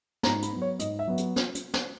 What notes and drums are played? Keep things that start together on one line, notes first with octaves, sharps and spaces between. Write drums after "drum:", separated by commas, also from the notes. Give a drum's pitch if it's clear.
G#2 A#5, drum: snare
B5, drum: hi-hat
F#3 B3
C#5
G#2 D#5, drum: hi-hat
E5
F#3 B3
drum: hi-hat
drum: snare
drum: hi-hat
drum: snare